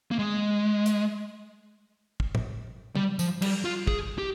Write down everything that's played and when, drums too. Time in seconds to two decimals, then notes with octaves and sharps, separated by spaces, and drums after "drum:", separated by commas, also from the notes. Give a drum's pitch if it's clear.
0.11 A#3
0.19 G#3
0.86 drum: hi-hat
2.20 drum: kick
2.35 drum: tom
2.95 G3, drum: tom
3.19 F3, drum: tambourine
3.42 G3, drum: cymbal
3.65 F4
3.87 G#4, drum: kick
4.18 G4